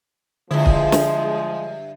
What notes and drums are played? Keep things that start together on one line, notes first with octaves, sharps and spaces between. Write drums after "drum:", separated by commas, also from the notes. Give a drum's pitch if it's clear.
G2 D3 F3 G#3 E4
drum: kick
drum: snare